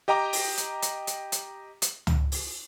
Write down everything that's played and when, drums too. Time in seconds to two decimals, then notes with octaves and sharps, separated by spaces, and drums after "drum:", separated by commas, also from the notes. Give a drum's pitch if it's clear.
0.08 G4 D#5 G5 A#5 D6
0.33 drum: open hi-hat
0.58 drum: hi-hat
0.82 drum: hi-hat
1.07 drum: hi-hat
1.32 drum: hi-hat
1.82 drum: hi-hat
2.07 drum: tom C#2
2.32 drum: open hi-hat